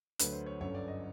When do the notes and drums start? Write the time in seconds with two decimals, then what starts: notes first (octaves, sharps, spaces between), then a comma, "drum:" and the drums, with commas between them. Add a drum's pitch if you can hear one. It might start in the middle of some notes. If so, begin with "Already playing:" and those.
0.19 D2 D3 F#3 B4, drum: hi-hat
0.33 C5
0.46 C#5
0.60 G1 F#2 D3 C#5
0.75 D5
0.88 D#5